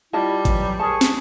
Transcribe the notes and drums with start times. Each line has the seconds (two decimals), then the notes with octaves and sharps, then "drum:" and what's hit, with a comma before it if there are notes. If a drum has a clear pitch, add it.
0.13 G3 E4 F4 D#5 A5
0.45 E3 F#3, drum: kick G#1, hi-hat
0.79 G#4 A#4 C5 A5 C#6
1.01 drum: snare